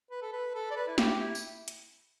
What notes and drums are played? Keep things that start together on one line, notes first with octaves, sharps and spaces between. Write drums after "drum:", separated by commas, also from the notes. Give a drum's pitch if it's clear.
B4
A4
B4
A4
D5
B4
E4
G4, drum: snare
E4
drum: tambourine
drum: hi-hat